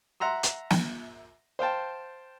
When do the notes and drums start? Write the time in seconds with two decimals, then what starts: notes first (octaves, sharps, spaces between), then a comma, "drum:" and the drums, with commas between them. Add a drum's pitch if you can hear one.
0.20 E5 F#5 A#5 C6 E6
0.43 drum: hi-hat
0.70 drum: snare
1.59 C5 F5 G5 A5